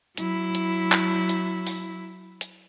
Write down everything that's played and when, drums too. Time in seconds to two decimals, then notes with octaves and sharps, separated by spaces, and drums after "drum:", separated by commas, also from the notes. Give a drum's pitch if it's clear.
0.18 F#3 E4, drum: hi-hat
0.55 drum: hi-hat
0.92 drum: clap
1.29 drum: hi-hat
1.67 drum: open hi-hat
2.41 drum: hi-hat